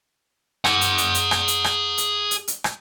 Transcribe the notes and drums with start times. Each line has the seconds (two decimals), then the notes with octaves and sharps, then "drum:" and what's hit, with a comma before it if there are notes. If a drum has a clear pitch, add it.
0.65 G#4 F#5, drum: rim click
0.81 drum: hi-hat
0.98 drum: hi-hat
1.14 drum: hi-hat
1.31 drum: rim click
1.48 drum: hi-hat
1.64 drum: rim click
1.98 drum: hi-hat
2.31 drum: hi-hat
2.48 drum: hi-hat
2.64 drum: rim click